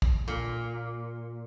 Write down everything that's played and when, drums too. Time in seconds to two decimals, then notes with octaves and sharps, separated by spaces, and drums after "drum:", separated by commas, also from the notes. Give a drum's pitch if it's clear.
0.02 drum: kick
0.28 A#2